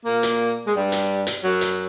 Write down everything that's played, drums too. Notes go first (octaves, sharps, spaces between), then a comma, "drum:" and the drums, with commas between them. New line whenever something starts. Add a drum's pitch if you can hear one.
A#2 A#3
drum: hi-hat
G#3
G2 G3
drum: hi-hat
drum: hi-hat
F#2 F#3
drum: hi-hat